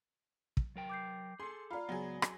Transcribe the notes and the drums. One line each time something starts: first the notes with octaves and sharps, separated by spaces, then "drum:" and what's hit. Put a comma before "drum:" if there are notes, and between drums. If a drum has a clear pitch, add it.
drum: kick
F#3 A#4 G5
D6 G6 C7
G#4 A4 C6
F4 D5 F5 A#5 B5
C#2 F#3 B3 G#4
drum: rim click